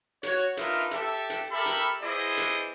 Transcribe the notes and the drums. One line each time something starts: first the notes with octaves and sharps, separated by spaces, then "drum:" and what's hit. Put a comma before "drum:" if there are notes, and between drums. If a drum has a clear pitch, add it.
F#4 C#5, drum: hi-hat
D4 D#4 F4 A#4 B4 E5, drum: hi-hat
G4 A4 E5, drum: hi-hat
drum: hi-hat
G4 A4 A#4 E5 B5
drum: hi-hat
B3 E4 G#4 C5 D5 D#5
drum: hi-hat